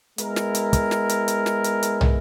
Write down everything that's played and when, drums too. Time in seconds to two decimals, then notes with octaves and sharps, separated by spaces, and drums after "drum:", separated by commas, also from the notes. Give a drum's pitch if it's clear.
0.18 G#3 B3 E4 A#4, drum: hi-hat
0.36 drum: snare
0.55 drum: hi-hat
0.73 drum: kick, hi-hat
0.91 drum: snare
1.09 drum: hi-hat
1.28 drum: hi-hat
1.46 drum: snare
1.64 drum: hi-hat
1.83 drum: hi-hat
2.01 drum: tom